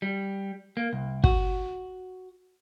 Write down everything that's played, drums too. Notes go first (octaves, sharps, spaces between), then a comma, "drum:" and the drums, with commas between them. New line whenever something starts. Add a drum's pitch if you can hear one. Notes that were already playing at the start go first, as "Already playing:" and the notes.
G3
A#3
C2
F#4, drum: kick